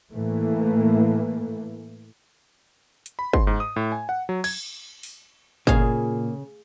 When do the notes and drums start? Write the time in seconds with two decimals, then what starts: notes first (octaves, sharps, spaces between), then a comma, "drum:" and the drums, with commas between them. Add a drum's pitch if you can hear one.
0.12 A2 E3 A3 A#3
3.06 drum: hi-hat
3.19 B5
3.33 C6, drum: kick
3.47 G#2
3.60 D#6
3.76 A2
3.92 G#5
4.09 F#5
4.29 F#3
4.44 G#6, drum: cymbal
5.03 drum: open hi-hat
5.67 A#2 C#3 A#3 G#4 F5, drum: kick